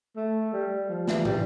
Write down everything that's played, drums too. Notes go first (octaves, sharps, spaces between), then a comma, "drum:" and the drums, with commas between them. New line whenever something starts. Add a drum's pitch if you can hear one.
A3
G3
F3
E3, drum: snare
G3, drum: tom